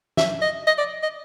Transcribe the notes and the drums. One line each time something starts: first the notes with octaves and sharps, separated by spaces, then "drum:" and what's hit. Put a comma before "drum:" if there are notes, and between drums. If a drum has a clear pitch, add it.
E5, drum: snare
D#5
D#5
D5
D#5